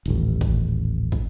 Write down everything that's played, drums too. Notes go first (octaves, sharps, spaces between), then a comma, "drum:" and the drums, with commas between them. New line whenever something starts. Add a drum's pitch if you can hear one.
D#1 A1, drum: hi-hat
drum: kick, hi-hat
drum: kick, hi-hat